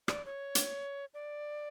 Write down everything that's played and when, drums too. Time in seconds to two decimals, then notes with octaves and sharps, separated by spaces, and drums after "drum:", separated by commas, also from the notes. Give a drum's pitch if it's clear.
0.08 D5, drum: rim click
0.26 C#5
0.55 drum: hi-hat
1.14 D5